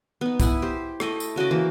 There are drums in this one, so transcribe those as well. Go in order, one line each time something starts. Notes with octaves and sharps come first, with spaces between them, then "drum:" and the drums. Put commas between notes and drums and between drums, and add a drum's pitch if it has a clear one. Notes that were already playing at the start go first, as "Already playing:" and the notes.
B3 D#4
E4 F#5 G#5, drum: kick, tambourine
G4 C5
A3 E4 D#5, drum: rim click
drum: tambourine
C#3 F#4 D#5 D6
E3 A#3 C5